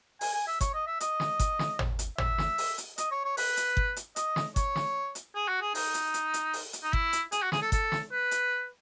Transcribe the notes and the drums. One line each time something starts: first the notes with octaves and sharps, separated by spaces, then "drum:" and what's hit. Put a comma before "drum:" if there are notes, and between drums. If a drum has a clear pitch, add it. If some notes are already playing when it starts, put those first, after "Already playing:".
G#5, drum: open hi-hat
G#5
E5
C#5, drum: kick G1, hi-hat
D#5
E5
D#5, drum: hi-hat
drum: snare
drum: kick G1, hi-hat
drum: snare
drum: tom
drum: hi-hat
E5, drum: tom
drum: snare
drum: open hi-hat
drum: hi-hat
D#5, drum: hi-hat
C#5
C#5
B4, drum: open hi-hat
drum: hi-hat
drum: kick G1
drum: hi-hat
D#5, drum: hi-hat
drum: snare
C#5, drum: kick G1, hi-hat
drum: snare
drum: hi-hat
G#4
F#4
G#4
D#4, drum: open hi-hat
drum: hi-hat
drum: hi-hat
drum: hi-hat
drum: open hi-hat
drum: hi-hat
D#4
E4, drum: kick G1
drum: hi-hat
G#4, drum: hi-hat
F#4
G#4, drum: snare
A4
A4, drum: kick G1, hi-hat
drum: snare
B4
drum: hi-hat